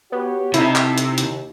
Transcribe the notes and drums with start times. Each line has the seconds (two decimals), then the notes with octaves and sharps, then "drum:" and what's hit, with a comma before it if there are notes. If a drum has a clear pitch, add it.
0.12 B3 F#4 G4 C#5
0.54 C3 D#4 E4 A4, drum: hi-hat
0.76 drum: clap
0.98 drum: hi-hat
1.18 D#2, drum: hi-hat